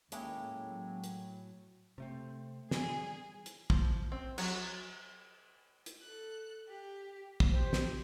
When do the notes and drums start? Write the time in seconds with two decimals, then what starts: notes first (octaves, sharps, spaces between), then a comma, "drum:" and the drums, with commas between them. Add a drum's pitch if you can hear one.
0.12 D#2 G#3 A#3 C#4 E4 G4 A4, drum: hi-hat
0.46 A2 F#3
1.04 drum: hi-hat
1.98 C3 A3 C4
2.71 G3 G#4, drum: snare
3.46 drum: hi-hat
3.70 F3, drum: kick
4.12 C4
4.38 F#3, drum: cymbal
5.86 drum: hi-hat
6.01 A4 F#6
6.68 G4
7.40 drum: kick
7.51 G4 C5
7.73 drum: snare